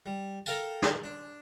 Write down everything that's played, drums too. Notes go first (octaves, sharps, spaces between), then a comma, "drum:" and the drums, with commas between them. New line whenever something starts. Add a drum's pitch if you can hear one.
G3
A4 A#4 F5 G5 A5, drum: tambourine
drum: snare
D4